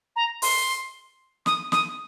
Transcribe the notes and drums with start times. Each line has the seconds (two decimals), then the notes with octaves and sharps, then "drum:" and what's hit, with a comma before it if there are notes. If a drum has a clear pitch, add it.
0.16 A#5
0.42 C6, drum: open hi-hat
1.46 D#6, drum: snare
1.72 D#6, drum: snare